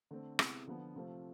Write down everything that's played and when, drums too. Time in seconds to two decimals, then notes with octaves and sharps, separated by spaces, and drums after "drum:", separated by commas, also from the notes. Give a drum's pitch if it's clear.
0.11 D3 A3 C4
0.39 C3 G#3 B3 E4, drum: rim click
0.67 D3 F3 B3 F4
0.95 C3 F3 A3 C4 F4